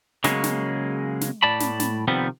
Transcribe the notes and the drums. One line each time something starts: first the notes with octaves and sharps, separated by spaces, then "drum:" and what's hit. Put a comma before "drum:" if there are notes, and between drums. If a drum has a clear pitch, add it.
C#3 F#3 G#3 A#3 C#4, drum: snare
drum: snare
drum: snare
A2 D5 A5 B5
drum: snare
drum: snare
C3 D#3 F3 G3 B3 C4